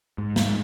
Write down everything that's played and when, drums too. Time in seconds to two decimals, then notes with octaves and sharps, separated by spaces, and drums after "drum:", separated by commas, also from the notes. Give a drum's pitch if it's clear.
0.18 G#2
0.36 drum: snare